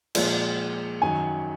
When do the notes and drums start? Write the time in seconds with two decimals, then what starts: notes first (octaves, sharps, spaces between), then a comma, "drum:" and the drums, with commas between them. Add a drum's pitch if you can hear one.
0.15 A#2 F3 G#3, drum: cymbal
1.02 F#2 D#3 F#3 G#5